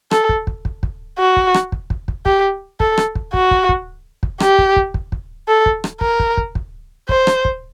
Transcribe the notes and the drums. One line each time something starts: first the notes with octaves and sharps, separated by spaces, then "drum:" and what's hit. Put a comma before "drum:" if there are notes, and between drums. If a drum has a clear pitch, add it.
A4, drum: rim click
drum: kick
drum: kick
drum: kick
drum: kick
F#4
drum: kick
drum: rim click
drum: kick
drum: kick
drum: kick
G4, drum: kick
A4, drum: kick
drum: rim click
drum: kick
F#4, drum: kick
drum: kick
drum: kick
drum: kick
G4, drum: rim click
drum: kick
drum: kick
drum: kick
drum: kick
A4
drum: kick
drum: rim click
A#4, drum: kick
drum: kick
drum: kick
drum: kick
C5, drum: kick
drum: rim click
drum: kick